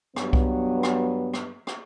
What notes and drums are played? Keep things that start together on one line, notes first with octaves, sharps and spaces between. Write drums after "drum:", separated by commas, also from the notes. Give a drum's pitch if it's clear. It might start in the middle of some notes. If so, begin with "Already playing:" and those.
G2 F#3 B3, drum: rim click
drum: kick C2
drum: rim click
drum: rim click
drum: rim click